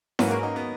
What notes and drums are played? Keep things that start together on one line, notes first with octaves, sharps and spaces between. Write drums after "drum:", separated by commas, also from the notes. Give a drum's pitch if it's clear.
G#2 F#3 A#3 C#4 F#4 B4, drum: snare E4
A#4
D#4
B3